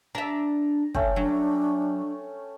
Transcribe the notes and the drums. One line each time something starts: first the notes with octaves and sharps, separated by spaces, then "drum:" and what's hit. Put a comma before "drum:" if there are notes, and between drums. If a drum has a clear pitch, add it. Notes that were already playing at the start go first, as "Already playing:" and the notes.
D4 E5 A#5
A3 C#4 G5, drum: kick
F#3 D4